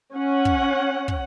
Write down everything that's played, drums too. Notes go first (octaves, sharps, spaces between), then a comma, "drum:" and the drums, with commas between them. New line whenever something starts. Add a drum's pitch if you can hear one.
C#4 F#5
drum: kick
drum: kick